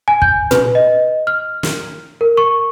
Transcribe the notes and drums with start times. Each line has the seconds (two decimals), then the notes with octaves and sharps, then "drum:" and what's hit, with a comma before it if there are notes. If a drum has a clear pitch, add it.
0.08 G#5
0.22 G6, drum: kick
0.51 B4, drum: tom A#2
0.75 D#5
1.27 F6
1.63 drum: snare
2.21 A#4
2.37 C#6